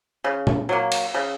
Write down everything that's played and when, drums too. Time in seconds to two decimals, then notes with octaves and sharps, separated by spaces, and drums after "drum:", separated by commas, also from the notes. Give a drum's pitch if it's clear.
0.24 C#3
0.47 drum: tom A#2
0.69 F#3 A#3
0.92 drum: cymbal
1.14 C#3